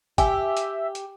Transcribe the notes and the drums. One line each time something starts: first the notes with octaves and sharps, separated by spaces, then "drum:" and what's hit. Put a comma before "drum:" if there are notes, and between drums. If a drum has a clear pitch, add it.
G4 E5 G#5, drum: kick, hi-hat
drum: hi-hat
drum: hi-hat